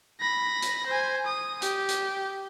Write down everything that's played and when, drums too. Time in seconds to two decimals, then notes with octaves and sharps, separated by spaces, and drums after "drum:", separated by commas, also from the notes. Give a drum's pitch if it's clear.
0.21 B5 A#6
0.62 drum: hi-hat
0.87 C5 G#5
1.26 D#6
1.62 G4, drum: hi-hat
1.89 drum: hi-hat